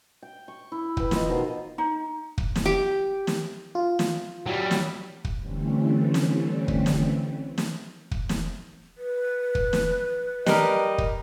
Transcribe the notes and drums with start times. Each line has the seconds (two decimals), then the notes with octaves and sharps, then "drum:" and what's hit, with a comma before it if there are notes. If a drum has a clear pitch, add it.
0.22 G5
0.48 C#6
0.72 E4
0.97 B4 G5, drum: kick
1.11 F4 B4 D#5, drum: snare
1.29 B2 D#3 C5
1.78 D#4
2.38 drum: kick
2.56 drum: snare
2.65 G4
3.27 drum: snare
3.75 F4
3.99 drum: snare
4.47 F#3 G3
4.71 drum: snare
5.25 drum: kick
5.37 D3 E3 G3 A3 C4 C#4
6.14 drum: snare
6.68 drum: kick
6.86 drum: snare
7.58 drum: snare
8.11 drum: kick
8.29 drum: snare
8.97 B4
9.55 drum: kick
9.73 drum: snare
10.46 G3 A#4 D#5, drum: snare
10.98 drum: kick